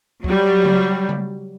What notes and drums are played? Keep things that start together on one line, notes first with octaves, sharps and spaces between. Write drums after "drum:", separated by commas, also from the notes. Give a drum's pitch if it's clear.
F#3 G3, drum: kick
drum: tom C#3
drum: tom C#3